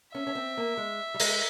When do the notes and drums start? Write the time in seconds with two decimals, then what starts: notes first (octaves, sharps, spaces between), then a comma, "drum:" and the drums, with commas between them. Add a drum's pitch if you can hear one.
0.14 C#4 E5
0.27 C#4
0.35 C4
0.57 A#3
0.77 G#3
1.14 G3
1.20 G#3, drum: open hi-hat